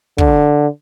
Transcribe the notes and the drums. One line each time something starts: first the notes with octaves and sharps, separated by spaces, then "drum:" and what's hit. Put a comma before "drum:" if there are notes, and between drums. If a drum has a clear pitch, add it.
D3, drum: kick